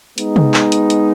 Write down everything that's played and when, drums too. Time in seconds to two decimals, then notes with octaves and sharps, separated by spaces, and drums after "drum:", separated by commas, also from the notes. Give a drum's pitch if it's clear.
0.18 G#3 B3 D#4, drum: hi-hat
0.36 drum: tom
0.54 drum: clap
0.72 drum: hi-hat
0.90 drum: hi-hat